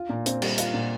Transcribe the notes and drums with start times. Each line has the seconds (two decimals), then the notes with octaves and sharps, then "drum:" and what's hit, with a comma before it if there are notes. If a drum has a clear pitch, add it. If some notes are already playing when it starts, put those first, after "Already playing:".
Already playing: F4
0.09 A#2
0.26 C4, drum: hi-hat
0.42 G3, drum: cymbal
0.58 F4, drum: hi-hat
0.74 A#2